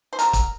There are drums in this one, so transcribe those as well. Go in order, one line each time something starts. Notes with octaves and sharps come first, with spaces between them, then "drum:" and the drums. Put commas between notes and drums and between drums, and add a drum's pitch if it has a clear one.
C5
D3 G3 C4 A#4, drum: hi-hat
drum: kick, hi-hat